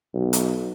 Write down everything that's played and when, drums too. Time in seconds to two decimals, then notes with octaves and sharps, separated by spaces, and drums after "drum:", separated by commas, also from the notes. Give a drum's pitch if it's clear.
0.14 B1
0.33 drum: hi-hat